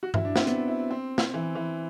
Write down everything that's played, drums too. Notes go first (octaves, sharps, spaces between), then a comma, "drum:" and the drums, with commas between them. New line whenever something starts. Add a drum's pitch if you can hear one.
F#4
E4, drum: tom G2
D4
C4, drum: snare
B3, drum: hi-hat
E4
C4
drum: snare
E3
E3